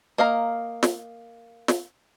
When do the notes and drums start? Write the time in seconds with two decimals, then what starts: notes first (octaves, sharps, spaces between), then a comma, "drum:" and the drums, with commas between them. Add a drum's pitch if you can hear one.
0.18 A#3 D#5 F5 A#5
0.83 drum: snare
1.68 drum: snare